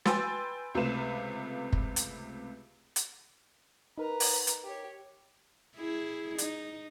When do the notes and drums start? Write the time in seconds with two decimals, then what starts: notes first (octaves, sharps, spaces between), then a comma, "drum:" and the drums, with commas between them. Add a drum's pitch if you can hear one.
0.05 B4 G5 G#5 C6 E6 A6, drum: snare
0.74 C#2 C3 A3 F4 B4 E7
1.73 drum: kick
1.96 drum: hi-hat
2.96 drum: hi-hat
3.98 D#4 A#4 B4 A#5
4.20 drum: open hi-hat
4.47 drum: hi-hat
4.64 G4 C#5
5.76 E4 G#4
6.38 D#4, drum: hi-hat